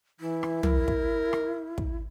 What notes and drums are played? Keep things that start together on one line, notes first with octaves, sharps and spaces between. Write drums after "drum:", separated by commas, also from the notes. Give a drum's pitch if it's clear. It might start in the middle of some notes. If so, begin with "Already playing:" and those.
E3 E4
drum: rim click
A#4, drum: tom
drum: kick
drum: rim click
drum: kick